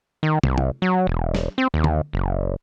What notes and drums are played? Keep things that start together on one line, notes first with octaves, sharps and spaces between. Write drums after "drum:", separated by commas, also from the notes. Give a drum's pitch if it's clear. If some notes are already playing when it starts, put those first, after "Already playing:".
D#3
C2, drum: tom
drum: tom
F#3
E1
drum: snare
C4
D#2
drum: tom D3
F#1